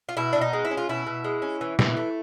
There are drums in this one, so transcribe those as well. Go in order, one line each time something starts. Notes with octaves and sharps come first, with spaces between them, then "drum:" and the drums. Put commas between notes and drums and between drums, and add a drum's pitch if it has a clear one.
F4
B2 E4
B2 D4
D#4
G#3
E4
C#4
F4
B2 E4
B2
G#3
C#4
E3
E3, drum: snare
A3